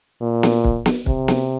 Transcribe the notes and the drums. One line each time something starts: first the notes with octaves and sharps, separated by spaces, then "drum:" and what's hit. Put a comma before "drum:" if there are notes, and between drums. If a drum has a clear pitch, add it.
A#2
drum: snare
drum: kick
drum: snare
C3, drum: kick
drum: snare